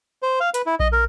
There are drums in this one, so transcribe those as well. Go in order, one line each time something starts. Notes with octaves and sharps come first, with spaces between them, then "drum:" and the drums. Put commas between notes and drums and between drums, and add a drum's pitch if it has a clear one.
C5
F5
B4, drum: hi-hat
E4
D#5, drum: kick A#1
A#4